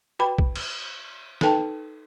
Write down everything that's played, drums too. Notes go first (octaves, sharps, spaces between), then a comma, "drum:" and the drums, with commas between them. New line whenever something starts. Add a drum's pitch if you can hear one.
F#4 B4 G5 B5
drum: kick B1
drum: cymbal
D#4 A4 B4 G5 A5, drum: snare